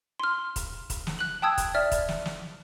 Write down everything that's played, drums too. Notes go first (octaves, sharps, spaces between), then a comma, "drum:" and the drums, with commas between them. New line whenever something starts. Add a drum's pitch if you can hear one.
C6 F6
drum: kick, hi-hat
drum: kick, hi-hat
drum: snare
F#6 F#7
G5 A5 D#6 E6 G#6
drum: kick, hi-hat
D5 E5 F6
drum: kick, hi-hat
drum: snare
drum: snare